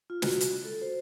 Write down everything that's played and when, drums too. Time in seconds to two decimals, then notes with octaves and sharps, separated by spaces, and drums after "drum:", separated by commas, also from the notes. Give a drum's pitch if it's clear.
0.10 F4
0.22 F#4, drum: snare
0.41 drum: hi-hat
0.65 A4
0.81 C5